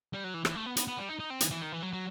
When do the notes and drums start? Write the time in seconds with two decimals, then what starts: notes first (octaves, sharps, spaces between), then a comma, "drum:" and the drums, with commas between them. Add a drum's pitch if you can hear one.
0.13 G3
0.24 F#3
0.34 E3
0.45 E3, drum: rim click
0.55 A3
0.66 B3
0.77 B3, drum: hi-hat
0.87 B3
0.98 G3
1.09 D#4
1.20 D#4
1.30 C4
1.40 E3, drum: hi-hat
1.51 E3
1.62 D#3
1.72 E3
1.83 F#3
1.93 F#3